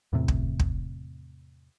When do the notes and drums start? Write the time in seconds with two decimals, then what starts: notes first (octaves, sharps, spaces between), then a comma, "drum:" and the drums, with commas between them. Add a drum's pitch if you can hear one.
0.13 E2 A2 C3
0.28 drum: kick
0.60 drum: kick